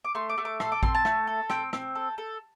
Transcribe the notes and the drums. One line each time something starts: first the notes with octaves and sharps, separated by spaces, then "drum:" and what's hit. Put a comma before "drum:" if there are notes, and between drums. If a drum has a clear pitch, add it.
D6
A3 C6
D6
A3
D6
A4 C6, drum: rim click
D6
C4 C6, drum: kick A1
A5
A3, drum: rim click
A4
C4 G5, drum: rim click
C4, drum: rim click
A4
A4